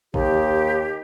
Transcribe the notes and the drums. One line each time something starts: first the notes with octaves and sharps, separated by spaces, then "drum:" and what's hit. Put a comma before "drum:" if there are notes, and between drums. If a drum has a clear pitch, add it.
D#2 G4, drum: kick